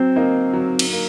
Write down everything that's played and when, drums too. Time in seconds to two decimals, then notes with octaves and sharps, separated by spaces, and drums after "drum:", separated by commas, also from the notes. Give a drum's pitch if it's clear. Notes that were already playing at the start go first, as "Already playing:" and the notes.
Already playing: F#3 C4
0.16 A#3 D#4
0.54 F#3
0.79 drum: cymbal
0.92 A#3